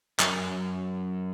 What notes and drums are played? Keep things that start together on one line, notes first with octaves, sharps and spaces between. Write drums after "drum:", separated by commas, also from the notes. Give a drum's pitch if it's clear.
F#2 A#4, drum: clap